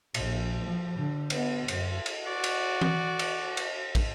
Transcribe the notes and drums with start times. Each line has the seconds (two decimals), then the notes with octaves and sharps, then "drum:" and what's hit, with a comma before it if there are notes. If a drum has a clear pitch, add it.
0.14 A#1, drum: cymbal
0.63 F3
0.96 D3
1.30 B3, drum: cymbal
1.68 F#2, drum: cymbal
2.06 drum: cymbal
2.27 F#4 D5
2.44 drum: cymbal
2.81 drum: tom E3
3.19 drum: cymbal
3.57 drum: cymbal
3.95 drum: kick, cymbal